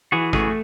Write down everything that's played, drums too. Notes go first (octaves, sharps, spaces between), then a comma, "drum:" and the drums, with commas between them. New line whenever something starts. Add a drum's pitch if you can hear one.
E3 F#4 G#4
A3 F#4 G#4, drum: kick